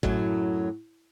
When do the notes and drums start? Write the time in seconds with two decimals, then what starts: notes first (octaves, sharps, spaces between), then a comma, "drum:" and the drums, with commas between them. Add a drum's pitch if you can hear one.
0.03 F#2 A2 F#3, drum: kick